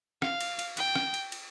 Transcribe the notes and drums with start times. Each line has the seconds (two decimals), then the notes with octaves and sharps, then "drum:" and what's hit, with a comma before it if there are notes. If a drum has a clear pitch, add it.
0.22 F5, drum: rim click
0.41 drum: cymbal
0.59 drum: cymbal
0.77 G5, drum: cymbal
0.95 drum: rim click
1.14 drum: cymbal
1.32 drum: cymbal